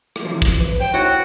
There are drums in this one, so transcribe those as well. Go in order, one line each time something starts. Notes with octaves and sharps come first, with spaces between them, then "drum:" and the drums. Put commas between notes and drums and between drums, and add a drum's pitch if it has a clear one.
drum: rim click
C2 E3 F3
drum: kick, tambourine
B4
C5 G5
E4 F#4 C#5 G5, drum: tambourine